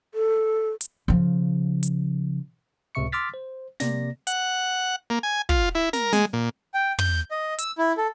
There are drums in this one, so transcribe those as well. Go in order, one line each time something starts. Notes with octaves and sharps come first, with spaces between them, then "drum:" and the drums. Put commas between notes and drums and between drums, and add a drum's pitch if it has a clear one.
A4
drum: hi-hat
C#3 F3
drum: hi-hat
C#2 A2 C3 E5 C#6 C#7
C6 D6 E6 F6 A6 B6
C5
C3 A#3 D5 A#6, drum: snare
F#5, drum: hi-hat
A#3
G#5
F4, drum: kick
E4
A#4, drum: snare
G#3, drum: snare
A#2
G5
G6, drum: tom
D#5
E6, drum: hi-hat
E4
A4